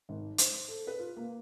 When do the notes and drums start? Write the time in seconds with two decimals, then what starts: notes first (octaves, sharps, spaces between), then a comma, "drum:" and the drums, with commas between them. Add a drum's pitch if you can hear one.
0.09 G#1
0.38 C5, drum: hi-hat
0.68 A4
0.87 B4
0.99 F4
1.16 A#3